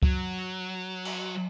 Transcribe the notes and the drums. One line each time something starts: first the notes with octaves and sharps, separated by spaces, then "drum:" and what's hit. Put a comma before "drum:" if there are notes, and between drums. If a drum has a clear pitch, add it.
F#3, drum: kick C#2
drum: cymbal